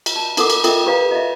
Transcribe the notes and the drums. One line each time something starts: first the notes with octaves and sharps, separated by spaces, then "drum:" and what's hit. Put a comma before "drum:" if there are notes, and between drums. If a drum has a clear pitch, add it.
drum: cymbal
A5
D#4 A4 A#4 F#5 D6, drum: cymbal
drum: cymbal
F4 A4 A#4 D#5 E5 G5, drum: cymbal
G4 B4 D5 F5 A#5
D#5 E5